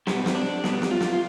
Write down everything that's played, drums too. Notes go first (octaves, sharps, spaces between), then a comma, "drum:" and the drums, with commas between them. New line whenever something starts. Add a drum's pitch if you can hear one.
B2 G3 B3 C4, drum: snare
drum: snare
D4
B2 G3 B3, drum: snare
drum: snare
F4
drum: snare
F4